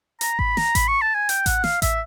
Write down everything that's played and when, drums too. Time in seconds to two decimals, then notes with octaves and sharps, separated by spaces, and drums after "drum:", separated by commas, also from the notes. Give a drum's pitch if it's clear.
0.21 A#5, drum: hi-hat
0.39 B5, drum: kick A1
0.57 A#5, drum: snare
0.75 B5, drum: kick A1, hi-hat
0.88 C#6
1.02 A5
1.15 G#5
1.29 G5, drum: hi-hat
1.46 F#5, drum: kick A1, hi-hat
1.64 F5, drum: snare
1.82 E5, drum: kick A1, hi-hat